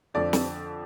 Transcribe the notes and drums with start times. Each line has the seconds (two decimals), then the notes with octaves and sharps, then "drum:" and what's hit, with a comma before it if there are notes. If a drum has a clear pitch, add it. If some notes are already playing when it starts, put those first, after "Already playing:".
0.14 F2 D3 F3 D5
0.33 drum: snare